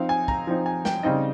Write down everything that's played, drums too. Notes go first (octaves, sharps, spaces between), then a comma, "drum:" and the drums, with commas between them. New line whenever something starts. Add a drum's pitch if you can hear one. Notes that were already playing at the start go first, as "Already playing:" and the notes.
Already playing: F3 C4 D#4 F5
G#5
A#5, drum: kick
F3 C4 D#4
G#5
G5, drum: snare
C#3 G3 C4 D#4 D#5